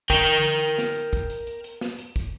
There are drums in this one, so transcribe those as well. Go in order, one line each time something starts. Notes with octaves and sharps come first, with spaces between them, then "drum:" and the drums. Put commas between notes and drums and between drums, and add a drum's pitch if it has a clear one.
A#4 G5, drum: kick, hi-hat
drum: hi-hat
drum: hi-hat
drum: hi-hat
drum: snare
drum: hi-hat
drum: kick, hi-hat
drum: hi-hat
drum: hi-hat
drum: hi-hat
drum: snare
drum: hi-hat
drum: kick, hi-hat